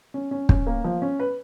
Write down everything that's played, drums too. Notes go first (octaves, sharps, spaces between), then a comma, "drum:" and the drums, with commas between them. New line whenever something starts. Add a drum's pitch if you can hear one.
C#4
C#4
C#4, drum: kick
A#3
F3
C#4
B4